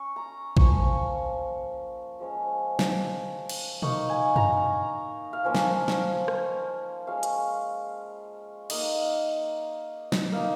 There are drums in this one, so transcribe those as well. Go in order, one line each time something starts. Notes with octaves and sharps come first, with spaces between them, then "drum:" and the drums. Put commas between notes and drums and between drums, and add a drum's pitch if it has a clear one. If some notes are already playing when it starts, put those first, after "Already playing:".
Already playing: C#4 C#6
A#5
F3 A#3 C#4 C#6, drum: kick
F3 G#3 C#4
drum: snare
drum: cymbal
A#3 D#4 C#6, drum: tom A#2
G#5
A#5, drum: tom F#2
F5
F3 A#3 C#4 F4 G#5
drum: snare
drum: snare
drum: rim click
G#3 C#4 F4 F5
drum: hi-hat
A#3 D#4 D#5, drum: cymbal
drum: snare
A#3 D#4 F5